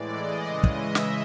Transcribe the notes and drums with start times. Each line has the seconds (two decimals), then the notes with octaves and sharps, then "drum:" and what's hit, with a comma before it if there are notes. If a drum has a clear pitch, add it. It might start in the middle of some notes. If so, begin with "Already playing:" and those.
Already playing: A2 E3 G#3 D5
0.17 D#5
0.47 C#3 E3 G#3
0.64 drum: kick
0.80 E5
0.95 drum: snare